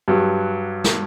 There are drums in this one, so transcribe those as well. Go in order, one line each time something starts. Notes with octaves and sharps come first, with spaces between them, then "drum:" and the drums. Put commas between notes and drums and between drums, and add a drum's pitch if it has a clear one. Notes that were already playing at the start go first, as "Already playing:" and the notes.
G2 F#3
drum: snare